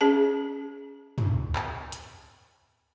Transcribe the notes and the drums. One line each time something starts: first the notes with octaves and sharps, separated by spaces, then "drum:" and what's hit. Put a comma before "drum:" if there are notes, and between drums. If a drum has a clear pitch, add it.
C#4 G#4 A5
drum: tom
drum: clap
drum: hi-hat